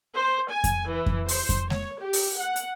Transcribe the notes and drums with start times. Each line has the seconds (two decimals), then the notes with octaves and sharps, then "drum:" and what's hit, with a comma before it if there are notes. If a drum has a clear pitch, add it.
0.13 C5
0.49 G#5
0.64 drum: kick F2, hi-hat
0.88 E3
1.06 drum: kick F2
1.28 C5, drum: open hi-hat
1.49 drum: kick F2, hi-hat
1.70 C#5, drum: snare G#3
2.00 G4
2.13 drum: open hi-hat
2.38 F#5
2.56 drum: hi-hat